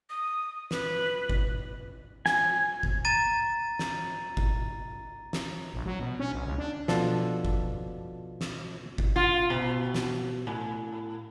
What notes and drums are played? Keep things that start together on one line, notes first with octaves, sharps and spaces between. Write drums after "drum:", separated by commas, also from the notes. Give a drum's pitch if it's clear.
D#6
B4, drum: snare
drum: kick G1
G#5, drum: snare
drum: kick G1
A#5 A6 D#7
drum: snare
drum: kick G1
drum: snare
A#1
F#3
B2
C#4
B1
C#2
D4
B2 F3 D4 A4, drum: snare
drum: kick G1
drum: snare
drum: kick G1
F4
B2
drum: snare
A2